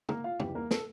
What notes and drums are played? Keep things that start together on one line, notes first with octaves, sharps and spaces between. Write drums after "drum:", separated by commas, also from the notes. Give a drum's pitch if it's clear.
A#3 A#4, drum: tom
F4 F5
E2 C#3 E3 G3 G4, drum: tom
A#3 A#4
A4, drum: snare